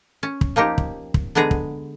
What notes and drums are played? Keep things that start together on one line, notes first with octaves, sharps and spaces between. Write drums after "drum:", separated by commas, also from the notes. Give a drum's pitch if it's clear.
C#4
drum: kick
F3 A#3 D#4 G4
drum: kick
drum: kick
D3 G#3 B3 G#4 A#5
drum: kick